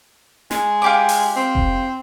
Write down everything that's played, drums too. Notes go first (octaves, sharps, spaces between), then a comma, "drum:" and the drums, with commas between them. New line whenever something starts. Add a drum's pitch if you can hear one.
G#3, drum: snare
F4 G4 D6
drum: open hi-hat
C4
drum: kick F1